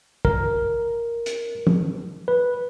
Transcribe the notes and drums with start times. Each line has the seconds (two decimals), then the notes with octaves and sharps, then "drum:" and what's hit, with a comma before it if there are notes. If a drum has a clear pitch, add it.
0.25 A#4, drum: kick
1.26 drum: hi-hat
1.67 drum: tom
2.28 B4